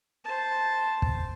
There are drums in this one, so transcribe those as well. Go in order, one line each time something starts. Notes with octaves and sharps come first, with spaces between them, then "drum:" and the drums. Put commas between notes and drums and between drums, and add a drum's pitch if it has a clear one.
C5 A5
drum: kick